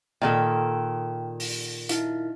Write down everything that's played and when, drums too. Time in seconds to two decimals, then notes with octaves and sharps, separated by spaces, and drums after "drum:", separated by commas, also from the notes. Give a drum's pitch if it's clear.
0.22 A#2 D#3 A4 F5 G5
1.40 drum: open hi-hat
1.89 D#4 E4 F5, drum: hi-hat